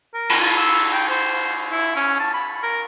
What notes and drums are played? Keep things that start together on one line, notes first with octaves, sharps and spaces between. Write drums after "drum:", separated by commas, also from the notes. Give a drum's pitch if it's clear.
A#4
drum: cymbal
F4
E6
G5
C5
E4
C#4
A5
B5
A#4